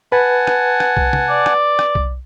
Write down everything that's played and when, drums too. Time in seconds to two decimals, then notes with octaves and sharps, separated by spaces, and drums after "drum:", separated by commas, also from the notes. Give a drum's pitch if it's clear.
0.12 B4 F#5 G#5 A5
0.47 drum: rim click
0.80 drum: rim click
0.97 drum: kick B1
1.13 drum: tom C3
1.30 D5
1.46 drum: rim click
1.79 drum: rim click
1.95 drum: kick B1